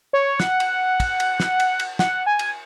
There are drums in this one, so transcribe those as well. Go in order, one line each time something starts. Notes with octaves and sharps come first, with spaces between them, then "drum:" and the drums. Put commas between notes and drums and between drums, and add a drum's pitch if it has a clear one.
C#5
F#5, drum: snare
drum: cymbal
drum: kick, cymbal
drum: cymbal
drum: snare
drum: cymbal
drum: cymbal
F#5, drum: snare
G#5
drum: cymbal